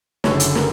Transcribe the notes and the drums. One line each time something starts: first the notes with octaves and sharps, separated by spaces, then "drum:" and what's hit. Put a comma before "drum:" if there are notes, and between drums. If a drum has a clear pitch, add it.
F#1 F#2 D3 C#5, drum: snare
drum: hi-hat
A#4, drum: snare